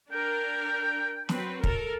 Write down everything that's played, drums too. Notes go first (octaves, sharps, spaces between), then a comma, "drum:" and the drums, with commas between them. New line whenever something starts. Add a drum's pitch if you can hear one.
D4 A#4 G5
F#3 C4 B4, drum: snare
A4 A#4, drum: kick